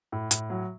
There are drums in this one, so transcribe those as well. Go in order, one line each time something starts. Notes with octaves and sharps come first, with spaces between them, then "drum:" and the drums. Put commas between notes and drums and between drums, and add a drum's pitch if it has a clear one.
A2
A2, drum: hi-hat
F#3